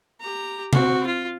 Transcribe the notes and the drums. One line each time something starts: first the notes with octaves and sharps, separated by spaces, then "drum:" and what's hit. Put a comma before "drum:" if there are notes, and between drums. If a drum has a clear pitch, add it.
G4 A#5
C4 F#4, drum: tom C3
F4